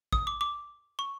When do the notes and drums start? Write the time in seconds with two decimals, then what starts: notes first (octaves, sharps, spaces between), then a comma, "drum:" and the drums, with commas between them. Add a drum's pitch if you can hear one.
0.12 D#6, drum: kick A1
0.27 D6
0.41 D6
0.99 C#6